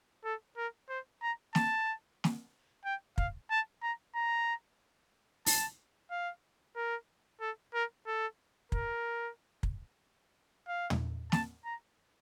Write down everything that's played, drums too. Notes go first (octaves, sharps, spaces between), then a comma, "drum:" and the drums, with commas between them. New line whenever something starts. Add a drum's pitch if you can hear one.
A4
A#4
C5
A#5
A5, drum: snare
drum: snare
G5
F5, drum: kick
A5
A#5
A#5
A5, drum: open hi-hat
F5
A#4
A4
A#4
A4
A#4, drum: kick
drum: kick
F5
drum: tom
A5, drum: snare
A#5